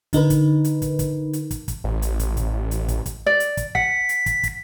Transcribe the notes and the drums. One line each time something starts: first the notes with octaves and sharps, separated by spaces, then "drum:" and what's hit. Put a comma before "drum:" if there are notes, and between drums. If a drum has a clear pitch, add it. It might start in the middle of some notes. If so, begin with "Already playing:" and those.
D3 D#4 A#4 B4, drum: kick, hi-hat
drum: kick, hi-hat
drum: hi-hat
drum: kick, hi-hat
drum: kick, hi-hat
drum: hi-hat
drum: kick, hi-hat
drum: kick, hi-hat
A1
drum: hi-hat
drum: kick, hi-hat
drum: kick, hi-hat
drum: hi-hat
drum: kick, hi-hat
drum: kick, hi-hat
D5
drum: hi-hat
drum: kick, hi-hat
F#5 B6, drum: kick
drum: hi-hat
drum: kick, hi-hat
drum: kick, hi-hat